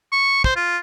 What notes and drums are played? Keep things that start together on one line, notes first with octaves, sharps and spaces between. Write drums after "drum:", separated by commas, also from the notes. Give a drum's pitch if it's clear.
C#6
C5, drum: kick
F4